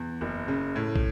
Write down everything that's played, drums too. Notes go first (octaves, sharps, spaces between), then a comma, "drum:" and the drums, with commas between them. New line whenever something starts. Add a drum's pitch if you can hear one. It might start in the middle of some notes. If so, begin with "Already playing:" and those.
Already playing: E2
F#1
C#3
A2
drum: kick